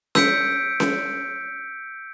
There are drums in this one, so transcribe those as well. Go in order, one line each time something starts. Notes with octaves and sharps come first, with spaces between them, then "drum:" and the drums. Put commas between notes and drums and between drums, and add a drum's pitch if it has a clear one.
E6 G6 B6 C#7 D7, drum: snare C#4
drum: snare C#4